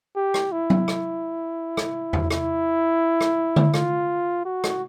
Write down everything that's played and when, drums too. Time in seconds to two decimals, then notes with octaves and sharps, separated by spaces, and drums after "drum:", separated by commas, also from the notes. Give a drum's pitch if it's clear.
0.16 G4
0.34 drum: rim click
0.52 E4
0.70 drum: tom F#3
0.88 drum: rim click
1.77 drum: rim click
2.13 drum: tom E2
2.31 E4, drum: rim click
3.21 drum: rim click
3.56 drum: tom D3
3.74 F4, drum: rim click
4.45 F#4
4.64 drum: rim click